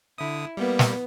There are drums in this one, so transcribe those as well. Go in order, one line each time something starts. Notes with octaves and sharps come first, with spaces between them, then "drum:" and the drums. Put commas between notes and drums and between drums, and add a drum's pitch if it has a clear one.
D3 E4 D#6
G3 A#3 B3
drum: snare